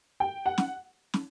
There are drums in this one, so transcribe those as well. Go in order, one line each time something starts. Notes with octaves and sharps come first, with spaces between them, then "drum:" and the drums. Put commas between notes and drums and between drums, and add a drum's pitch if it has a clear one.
G5
F#5
drum: snare
drum: snare